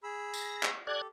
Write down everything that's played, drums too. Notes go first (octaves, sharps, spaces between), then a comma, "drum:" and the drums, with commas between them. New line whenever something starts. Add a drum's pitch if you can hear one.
G#4 B5 E6
A#6, drum: tambourine
drum: clap
G4 A4 D5 F#6 G#6